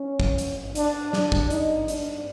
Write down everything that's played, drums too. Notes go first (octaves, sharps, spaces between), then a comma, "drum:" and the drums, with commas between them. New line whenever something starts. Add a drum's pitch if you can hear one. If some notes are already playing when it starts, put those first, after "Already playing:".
Already playing: C#4
drum: kick A1
drum: hi-hat
D4, drum: hi-hat
D4, drum: snare
drum: kick A1
D#4, drum: hi-hat
D4, drum: hi-hat